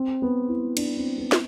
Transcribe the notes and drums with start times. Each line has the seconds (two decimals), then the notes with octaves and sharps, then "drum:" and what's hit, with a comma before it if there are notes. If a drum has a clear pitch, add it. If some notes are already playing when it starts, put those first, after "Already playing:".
Already playing: C4
0.22 B3
0.49 E4
0.77 D4, drum: cymbal
0.97 C4
1.18 B3
1.32 drum: snare